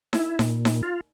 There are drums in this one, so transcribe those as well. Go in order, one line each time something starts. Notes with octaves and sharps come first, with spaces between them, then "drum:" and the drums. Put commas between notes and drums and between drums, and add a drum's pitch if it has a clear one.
E4, drum: snare D#4
A#2, drum: snare D#4
drum: snare D#4
F4